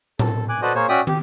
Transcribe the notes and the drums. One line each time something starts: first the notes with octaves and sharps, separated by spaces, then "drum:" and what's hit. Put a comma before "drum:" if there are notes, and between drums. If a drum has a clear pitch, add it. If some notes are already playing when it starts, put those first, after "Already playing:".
A4, drum: tom A2
G#5 D6 F#6
F#4 A4 B4 C5 D5 D#5
A#3 G#4 C5 C#5
C#4 F#4 D5 E5 G5 D#6
G4, drum: tom